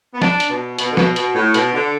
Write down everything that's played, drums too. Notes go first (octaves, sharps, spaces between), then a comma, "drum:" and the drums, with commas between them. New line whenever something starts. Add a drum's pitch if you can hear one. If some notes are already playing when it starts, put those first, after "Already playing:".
B3
D4, drum: snare
drum: hi-hat
B2
B2, drum: hi-hat
D3
B2, drum: snare
B2, drum: hi-hat
A2
B2, drum: hi-hat
D3